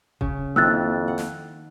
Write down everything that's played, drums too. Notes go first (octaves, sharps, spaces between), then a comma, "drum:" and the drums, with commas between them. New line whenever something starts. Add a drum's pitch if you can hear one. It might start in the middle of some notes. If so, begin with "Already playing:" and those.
C#3, drum: kick D#1
F2 D#3 A#3 E4 E6 F#6 A6
F#5
drum: snare